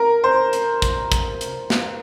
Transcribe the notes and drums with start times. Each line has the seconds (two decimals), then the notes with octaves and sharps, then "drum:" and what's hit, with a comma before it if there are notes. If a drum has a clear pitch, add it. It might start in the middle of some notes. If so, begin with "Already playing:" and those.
Already playing: A#4
0.24 C5
0.53 drum: hi-hat
0.82 drum: kick, hi-hat
1.12 drum: kick, hi-hat
1.41 drum: hi-hat
1.70 drum: snare